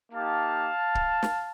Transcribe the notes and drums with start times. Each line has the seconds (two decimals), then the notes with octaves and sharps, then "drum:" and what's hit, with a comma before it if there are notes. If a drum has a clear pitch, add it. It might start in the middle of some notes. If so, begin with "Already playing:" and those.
0.12 A#3 D#4 G4 F5 A5
0.95 drum: kick C#1
1.23 drum: snare